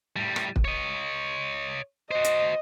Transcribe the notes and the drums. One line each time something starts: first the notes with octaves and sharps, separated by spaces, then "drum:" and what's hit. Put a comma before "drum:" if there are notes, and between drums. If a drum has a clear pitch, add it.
A2 G3
drum: rim click
drum: kick
C#5 D#5
F#4 C5 D#5
drum: hi-hat